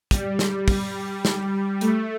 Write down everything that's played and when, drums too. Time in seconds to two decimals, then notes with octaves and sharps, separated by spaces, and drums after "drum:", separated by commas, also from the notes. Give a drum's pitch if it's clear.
0.11 G3, drum: kick, hi-hat
0.39 drum: snare
0.68 drum: kick, open hi-hat
1.25 drum: snare
1.81 A3, drum: hi-hat